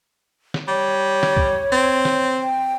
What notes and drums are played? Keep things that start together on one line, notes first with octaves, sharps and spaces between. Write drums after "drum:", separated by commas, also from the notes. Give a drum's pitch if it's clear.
drum: snare
G3 C#5
drum: snare
drum: kick
C4
drum: snare
G5